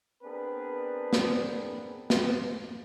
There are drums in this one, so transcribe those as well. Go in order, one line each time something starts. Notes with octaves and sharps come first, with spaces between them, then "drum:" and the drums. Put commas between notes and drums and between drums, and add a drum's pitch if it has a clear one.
B3 C4 D4 G#4 A#4 B4
drum: snare
drum: snare